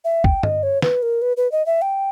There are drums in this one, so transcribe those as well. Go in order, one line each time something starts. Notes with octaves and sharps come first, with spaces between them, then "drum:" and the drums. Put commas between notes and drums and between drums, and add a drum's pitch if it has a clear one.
E5
G5, drum: kick G1
D#5, drum: tom G2
C#5
B4, drum: snare
A#4
B4
B4
D#5
E5
G5